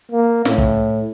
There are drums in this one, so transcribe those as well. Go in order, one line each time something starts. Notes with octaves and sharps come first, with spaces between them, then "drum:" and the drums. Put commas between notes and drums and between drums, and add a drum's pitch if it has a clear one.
A#3
A2, drum: snare
drum: kick